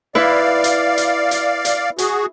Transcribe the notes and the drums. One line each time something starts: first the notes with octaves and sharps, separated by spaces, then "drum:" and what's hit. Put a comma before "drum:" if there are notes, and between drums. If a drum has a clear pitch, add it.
E4 B4 D5 F5
drum: hi-hat
drum: hi-hat
drum: hi-hat
drum: hi-hat
F#4 G#4, drum: hi-hat